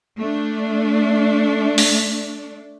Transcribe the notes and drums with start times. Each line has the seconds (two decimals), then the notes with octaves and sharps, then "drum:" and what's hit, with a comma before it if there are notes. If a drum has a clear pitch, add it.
0.19 A3 D4
1.78 drum: open hi-hat